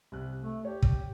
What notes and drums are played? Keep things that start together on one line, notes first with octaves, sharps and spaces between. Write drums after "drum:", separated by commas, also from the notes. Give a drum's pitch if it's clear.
C2 F#6
A3
G4 C#5
drum: kick